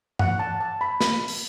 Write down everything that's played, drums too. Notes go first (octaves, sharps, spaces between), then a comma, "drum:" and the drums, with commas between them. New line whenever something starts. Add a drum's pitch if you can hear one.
F#5, drum: tom G2
A5
A5
B5
B5, drum: snare
drum: open hi-hat